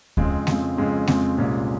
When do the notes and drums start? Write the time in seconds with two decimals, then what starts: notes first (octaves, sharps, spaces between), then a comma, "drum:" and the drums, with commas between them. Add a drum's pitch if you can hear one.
0.17 F2 C#3 G#3 C4, drum: kick D2
0.47 F2 C#3 G#3 C4, drum: snare G#3
0.77 F2 C#3 G#3 C4
1.07 F2 C#3 G#3 C4, drum: snare G#3
1.38 C2 A#2 G#3 C#4